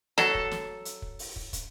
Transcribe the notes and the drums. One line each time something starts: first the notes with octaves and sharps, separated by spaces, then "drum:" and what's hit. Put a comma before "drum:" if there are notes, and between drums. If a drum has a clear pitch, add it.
F#3 A4, drum: snare
drum: kick
drum: snare
drum: hi-hat
drum: kick
drum: open hi-hat
drum: kick
drum: kick, hi-hat